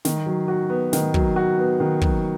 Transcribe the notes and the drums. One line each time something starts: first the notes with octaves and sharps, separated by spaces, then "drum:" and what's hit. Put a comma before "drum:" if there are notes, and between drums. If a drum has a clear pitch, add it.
D#3, drum: snare
F#3
F#4
B3
D#3, drum: snare
F#3, drum: kick
F#4
B3
D#3
F#3, drum: kick